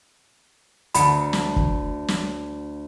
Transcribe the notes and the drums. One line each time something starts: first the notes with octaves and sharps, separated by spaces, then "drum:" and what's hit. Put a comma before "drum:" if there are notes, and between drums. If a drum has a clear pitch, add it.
D2 A3 B5 C#7, drum: hi-hat
drum: snare
drum: kick
drum: snare